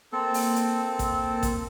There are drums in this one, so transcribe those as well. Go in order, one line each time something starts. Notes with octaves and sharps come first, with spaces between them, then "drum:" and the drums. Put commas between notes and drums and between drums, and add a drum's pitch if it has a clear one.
A#3 C4 A4
drum: open hi-hat
drum: hi-hat
drum: kick A1, hi-hat
drum: kick A1, hi-hat